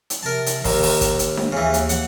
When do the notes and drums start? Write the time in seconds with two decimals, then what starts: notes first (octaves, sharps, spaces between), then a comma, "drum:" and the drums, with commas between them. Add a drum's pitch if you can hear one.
0.10 drum: hi-hat
0.23 C3 A#4 A5
0.46 drum: hi-hat
0.65 D#2 A#4, drum: kick G1, open hi-hat
0.83 drum: open hi-hat
1.01 drum: kick G1, hi-hat
1.19 drum: hi-hat
1.37 drum: snare D4
1.52 D#2 C#3 E3
1.74 drum: hi-hat
1.89 F#5, drum: hi-hat